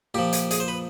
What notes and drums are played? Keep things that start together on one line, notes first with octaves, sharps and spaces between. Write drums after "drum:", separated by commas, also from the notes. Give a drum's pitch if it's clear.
A#2 F3 G4
drum: hi-hat
G#4, drum: hi-hat
C5
B4